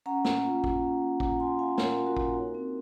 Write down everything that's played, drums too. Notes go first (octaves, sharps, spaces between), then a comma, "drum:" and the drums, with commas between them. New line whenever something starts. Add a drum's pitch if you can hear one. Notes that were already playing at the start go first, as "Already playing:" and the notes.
C#4 F#5 A#5
A#3, drum: snare
F4
A#3, drum: kick G#1
C#4
A#3
F4 F#5 A#5, drum: kick G#1
A#3 G#5 C6
C#4 F5 G#5
A#3 A#4 C#5, drum: snare
F4
F#4 A#4
A#3, drum: kick G#1
D#4
C4